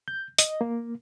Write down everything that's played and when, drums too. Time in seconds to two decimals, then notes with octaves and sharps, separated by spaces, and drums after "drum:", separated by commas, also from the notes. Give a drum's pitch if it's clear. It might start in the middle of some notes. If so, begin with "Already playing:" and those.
0.08 G6
0.38 D#5, drum: hi-hat
0.61 A#3